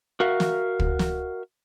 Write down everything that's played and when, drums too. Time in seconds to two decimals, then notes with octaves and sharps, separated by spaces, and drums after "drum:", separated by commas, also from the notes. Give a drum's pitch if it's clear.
0.20 F#4 A#4 E5 F5
0.40 drum: snare
0.80 drum: kick
0.99 drum: snare